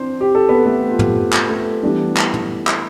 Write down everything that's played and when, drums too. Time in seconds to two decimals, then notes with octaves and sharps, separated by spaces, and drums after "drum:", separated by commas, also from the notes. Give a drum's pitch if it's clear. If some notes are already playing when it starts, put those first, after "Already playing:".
Already playing: E3 C4 D4 C5
0.21 G4
0.35 A4
0.49 B3 B4
0.66 A3 A4
0.91 F4
0.99 G4, drum: tom
1.33 drum: clap
1.50 A3 A4
1.83 E3 G3 B3 D4
2.17 drum: clap
2.34 drum: tom
2.67 drum: clap